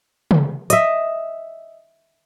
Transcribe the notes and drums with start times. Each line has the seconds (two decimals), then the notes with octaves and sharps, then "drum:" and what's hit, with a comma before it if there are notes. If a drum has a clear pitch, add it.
0.31 drum: tom
0.70 D#5 E5, drum: hi-hat